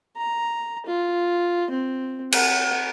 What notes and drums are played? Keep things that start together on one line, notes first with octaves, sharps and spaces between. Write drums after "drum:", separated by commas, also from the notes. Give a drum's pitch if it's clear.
A#5
F4
C4
F#5, drum: cymbal